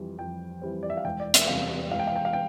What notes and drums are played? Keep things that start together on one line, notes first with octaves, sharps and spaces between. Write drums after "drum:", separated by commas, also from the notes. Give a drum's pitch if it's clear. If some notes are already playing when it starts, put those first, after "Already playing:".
Already playing: F2 E3 G3 C4
F2 G5
E3 G3 C4
D5
E5
F5
E1 G5
D5
E5, drum: hi-hat
E2 C3 G3 B3 F5
E1 F5
G5
F5
G5
F5
G5